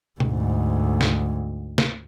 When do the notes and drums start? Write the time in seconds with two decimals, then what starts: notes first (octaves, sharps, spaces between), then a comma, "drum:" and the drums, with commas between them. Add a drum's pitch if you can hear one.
0.20 D2 G#2, drum: tom B2
1.01 drum: snare
1.78 drum: snare